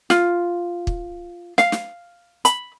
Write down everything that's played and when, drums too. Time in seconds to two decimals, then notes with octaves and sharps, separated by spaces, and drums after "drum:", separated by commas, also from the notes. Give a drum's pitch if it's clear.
0.10 F4, drum: snare
0.87 drum: kick
1.58 F5, drum: snare
1.72 drum: snare
2.45 B5, drum: hi-hat